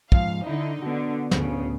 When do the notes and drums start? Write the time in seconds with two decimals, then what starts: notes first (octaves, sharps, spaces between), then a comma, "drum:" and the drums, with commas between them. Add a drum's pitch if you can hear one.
0.12 G#2 F3 F5, drum: kick
0.47 D3 D#4 E4
0.82 D3 B3 F#4
1.31 D2 A2 C#3, drum: snare